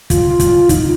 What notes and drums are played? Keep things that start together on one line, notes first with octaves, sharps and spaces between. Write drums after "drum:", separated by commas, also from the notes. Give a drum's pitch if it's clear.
F4, drum: kick, hi-hat
F4
drum: kick, hi-hat
F4
D#4, drum: kick, hi-hat